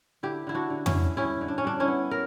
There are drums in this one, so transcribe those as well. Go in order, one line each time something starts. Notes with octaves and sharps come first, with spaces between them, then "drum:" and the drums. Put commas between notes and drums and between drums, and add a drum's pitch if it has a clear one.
D3 E4 G4
D3 E4
D4 F#4
D3
C#4 E4, drum: tom F2
D3
G3 C#4 E4
D3
D4
C#4
G3 D4
C#4 E4
B3
A#4